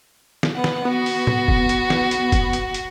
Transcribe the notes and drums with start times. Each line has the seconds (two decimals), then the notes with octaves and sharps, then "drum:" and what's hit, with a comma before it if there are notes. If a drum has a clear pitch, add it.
0.43 drum: snare
0.54 B3 F#5
0.64 drum: snare
0.85 B3 F#4
1.06 drum: open hi-hat
1.27 drum: tom A2
1.48 drum: kick
1.69 drum: hi-hat
1.90 drum: snare
2.11 drum: hi-hat
2.32 drum: kick, hi-hat
2.53 drum: hi-hat
2.74 drum: hi-hat